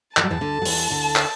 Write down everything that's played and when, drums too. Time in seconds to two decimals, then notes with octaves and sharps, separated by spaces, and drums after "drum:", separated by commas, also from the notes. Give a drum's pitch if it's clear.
0.17 E3 A5, drum: clap
0.23 F#3
0.31 E2 E3
0.41 D2 D3
0.62 F#3
0.65 E2 E3, drum: open hi-hat
0.90 D2 D3
1.16 drum: clap